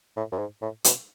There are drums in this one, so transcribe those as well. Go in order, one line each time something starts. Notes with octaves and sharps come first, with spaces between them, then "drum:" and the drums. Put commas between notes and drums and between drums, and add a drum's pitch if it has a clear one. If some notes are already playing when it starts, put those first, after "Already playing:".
A2
F#2
G#2
A2
B2, drum: hi-hat